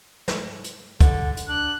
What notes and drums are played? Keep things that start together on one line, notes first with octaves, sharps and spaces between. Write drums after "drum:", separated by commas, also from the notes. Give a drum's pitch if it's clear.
drum: snare
drum: hi-hat
D3, drum: kick, hi-hat
drum: hi-hat
D4 F#6